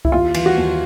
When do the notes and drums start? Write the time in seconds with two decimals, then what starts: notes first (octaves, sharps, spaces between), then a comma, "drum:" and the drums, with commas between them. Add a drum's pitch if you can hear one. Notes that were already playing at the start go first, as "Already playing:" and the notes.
0.05 E4, drum: kick C2
0.12 D#2 F4
0.34 E3, drum: cymbal
0.46 F#4
0.57 D#2